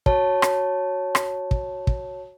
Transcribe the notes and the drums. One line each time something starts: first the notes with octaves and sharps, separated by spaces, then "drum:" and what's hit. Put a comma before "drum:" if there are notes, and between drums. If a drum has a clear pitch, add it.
F#4 C#5 A5, drum: kick
drum: rim click
drum: rim click
drum: kick
drum: kick